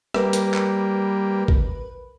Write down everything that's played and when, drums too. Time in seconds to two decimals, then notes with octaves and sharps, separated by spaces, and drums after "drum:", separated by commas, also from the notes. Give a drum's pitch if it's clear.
0.14 G3 A#3 A#4 B4 B5, drum: rim click
0.33 drum: hi-hat
0.54 drum: clap
1.48 drum: kick G#1